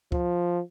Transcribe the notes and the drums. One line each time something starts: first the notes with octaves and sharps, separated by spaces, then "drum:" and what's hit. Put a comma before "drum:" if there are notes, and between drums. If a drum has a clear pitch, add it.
F3, drum: kick